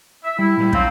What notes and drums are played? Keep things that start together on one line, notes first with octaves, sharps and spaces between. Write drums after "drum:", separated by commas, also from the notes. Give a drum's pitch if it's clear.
E5
G3 E4
A#2 G3
F#3 G#3 C4 F5, drum: kick